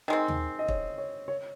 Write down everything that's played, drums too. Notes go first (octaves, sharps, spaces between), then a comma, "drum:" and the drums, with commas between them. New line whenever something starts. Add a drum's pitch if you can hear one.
D#3 G#3 C4 D#5
drum: tom D#2
D#5
C#5, drum: kick
C#5
C#5